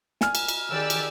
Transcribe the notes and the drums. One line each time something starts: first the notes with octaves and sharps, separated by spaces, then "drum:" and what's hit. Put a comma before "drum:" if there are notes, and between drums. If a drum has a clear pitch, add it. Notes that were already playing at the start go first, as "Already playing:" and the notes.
G#5 F6, drum: snare
drum: cymbal
drum: cymbal
D#3 G4 G#4 D5 E6
drum: cymbal